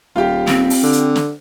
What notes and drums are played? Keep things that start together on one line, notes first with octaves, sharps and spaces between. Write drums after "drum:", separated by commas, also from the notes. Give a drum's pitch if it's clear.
D#1 F4 G4
C4, drum: snare
drum: open hi-hat
D3
drum: hi-hat
drum: snare